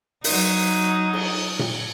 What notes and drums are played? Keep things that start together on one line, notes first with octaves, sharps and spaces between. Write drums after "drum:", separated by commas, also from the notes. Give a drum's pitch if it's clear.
F#3 D#4, drum: open hi-hat
drum: cymbal
drum: tom A#2